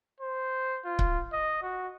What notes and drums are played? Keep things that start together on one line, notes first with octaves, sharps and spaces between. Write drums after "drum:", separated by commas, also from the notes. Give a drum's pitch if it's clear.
C5
F4
drum: kick C#1
D#5
F#4